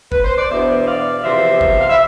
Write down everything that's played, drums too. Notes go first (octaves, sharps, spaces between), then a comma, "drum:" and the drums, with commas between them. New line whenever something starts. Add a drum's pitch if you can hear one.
B4, drum: kick
C5
D5
E2 B2 B3 D4 C5 E5
D5 F5
E2 C3 F3 C5 E5
drum: kick
F5
E5